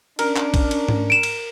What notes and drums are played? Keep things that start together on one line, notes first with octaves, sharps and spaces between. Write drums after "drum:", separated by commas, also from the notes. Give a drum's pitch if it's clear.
C#4 D4 A#4, drum: cymbal
drum: clap
drum: kick A#1, cymbal
drum: cymbal
drum: tom G#2
D7 E7
drum: cymbal